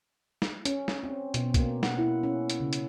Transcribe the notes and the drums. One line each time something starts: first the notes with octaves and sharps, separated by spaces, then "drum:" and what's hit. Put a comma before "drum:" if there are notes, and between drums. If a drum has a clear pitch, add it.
drum: snare
C#4, drum: hi-hat
drum: snare
C4
B2, drum: hi-hat
A#3, drum: kick, hi-hat
F#5, drum: snare
E4
C#4
drum: hi-hat
C#3
drum: hi-hat